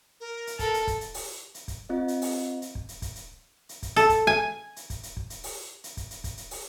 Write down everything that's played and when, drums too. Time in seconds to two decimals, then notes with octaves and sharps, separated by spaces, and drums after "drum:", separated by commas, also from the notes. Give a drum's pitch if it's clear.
0.20 A#4
0.47 drum: hi-hat
0.59 A4, drum: kick, hi-hat
0.74 drum: hi-hat
0.87 drum: kick, hi-hat
1.01 drum: hi-hat
1.14 drum: open hi-hat
1.54 drum: hi-hat
1.68 drum: kick, hi-hat
1.89 C4 F4 D#5
2.08 drum: hi-hat
2.22 drum: open hi-hat
2.62 drum: hi-hat
2.75 drum: kick
2.89 drum: hi-hat
3.02 drum: kick, hi-hat
3.15 drum: hi-hat
3.69 drum: hi-hat
3.82 drum: kick, hi-hat
3.96 A4, drum: hi-hat
4.09 drum: kick, hi-hat
4.27 G#5
4.76 drum: hi-hat
4.90 drum: kick, hi-hat
5.03 drum: hi-hat
5.17 drum: kick
5.30 drum: hi-hat
5.43 drum: open hi-hat
5.84 drum: hi-hat
5.97 drum: kick, hi-hat
6.11 drum: hi-hat
6.24 drum: kick, hi-hat
6.37 drum: hi-hat
6.51 drum: open hi-hat